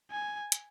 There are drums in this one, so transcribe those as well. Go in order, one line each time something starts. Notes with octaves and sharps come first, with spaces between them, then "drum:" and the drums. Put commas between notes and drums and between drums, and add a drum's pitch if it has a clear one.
G#5
drum: hi-hat